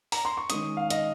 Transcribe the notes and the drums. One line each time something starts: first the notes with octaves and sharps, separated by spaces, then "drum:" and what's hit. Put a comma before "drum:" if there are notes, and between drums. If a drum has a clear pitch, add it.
A#5, drum: open hi-hat
C6
C#6
D#3 G#3 C#4 D#6, drum: hi-hat
F5
D#5, drum: hi-hat